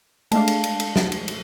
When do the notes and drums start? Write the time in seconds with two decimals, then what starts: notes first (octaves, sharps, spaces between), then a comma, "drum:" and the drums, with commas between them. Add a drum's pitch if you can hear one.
0.31 G#3 A3 D4 F5 A5, drum: cymbal
0.47 drum: cymbal
0.64 drum: cymbal
0.80 drum: cymbal
0.96 drum: snare
1.12 drum: cymbal
1.28 drum: cymbal